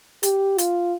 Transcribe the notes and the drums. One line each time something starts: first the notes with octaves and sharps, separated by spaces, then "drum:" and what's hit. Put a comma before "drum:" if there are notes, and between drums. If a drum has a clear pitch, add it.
G4, drum: hi-hat
F4, drum: hi-hat